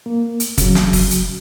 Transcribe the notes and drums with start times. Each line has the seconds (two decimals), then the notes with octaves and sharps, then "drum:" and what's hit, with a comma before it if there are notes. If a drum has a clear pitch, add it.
0.06 A#3
0.40 drum: hi-hat
0.58 C#3 F#3, drum: kick, hi-hat
0.75 drum: snare
0.93 drum: kick, open hi-hat
1.11 drum: hi-hat